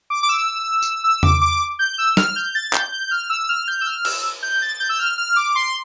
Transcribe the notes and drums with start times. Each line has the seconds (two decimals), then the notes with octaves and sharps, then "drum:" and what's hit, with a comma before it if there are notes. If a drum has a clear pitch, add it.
0.10 D6
0.23 D6
0.29 E6
0.82 drum: tambourine
1.04 E6
1.23 D6, drum: tom E2
1.41 D6
1.79 G6
1.98 E6
2.17 F6, drum: snare
2.36 G6
2.55 A6
2.73 G6, drum: clap
2.92 G6
3.11 F6
3.30 E6
3.49 F6
3.68 G6
3.81 E6
3.87 F6
4.05 E6, drum: cymbal
4.43 G6
4.62 A6
4.80 G6
4.89 E6
4.99 F6
5.18 F6
5.36 D6
5.55 C6